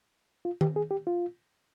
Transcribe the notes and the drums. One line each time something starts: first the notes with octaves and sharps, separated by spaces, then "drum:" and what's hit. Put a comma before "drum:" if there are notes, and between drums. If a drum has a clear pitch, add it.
F4
G4, drum: tom D#3
G#4
G4
F4